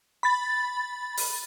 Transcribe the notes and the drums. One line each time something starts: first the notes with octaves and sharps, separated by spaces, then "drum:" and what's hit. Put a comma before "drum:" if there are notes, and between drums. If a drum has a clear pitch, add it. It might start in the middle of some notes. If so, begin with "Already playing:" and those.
B5 A6
drum: open hi-hat